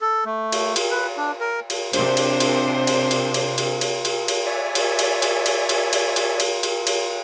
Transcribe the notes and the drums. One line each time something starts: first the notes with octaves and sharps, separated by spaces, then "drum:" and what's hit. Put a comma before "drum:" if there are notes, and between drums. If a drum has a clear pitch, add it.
A4
A3
drum: cymbal
drum: cymbal
B4
D4
A#4
drum: cymbal
C3 D4 C5, drum: cymbal
drum: cymbal
drum: cymbal
drum: cymbal
drum: cymbal
drum: cymbal
drum: cymbal
drum: cymbal
drum: cymbal
drum: cymbal
C#5 D5 E5 G#5
drum: cymbal
drum: cymbal
drum: cymbal
drum: cymbal
drum: cymbal
drum: cymbal
drum: cymbal
drum: cymbal
drum: cymbal
drum: cymbal